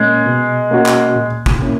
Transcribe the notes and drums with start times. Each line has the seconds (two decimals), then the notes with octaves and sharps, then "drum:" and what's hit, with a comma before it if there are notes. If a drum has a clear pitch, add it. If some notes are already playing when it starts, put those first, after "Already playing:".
Already playing: A#2 G#3 A#3 C#4
0.26 B2
0.71 A#3 C#4 F#4
0.86 drum: clap
1.16 A#2
1.46 drum: kick
1.61 A#3 C#4 E4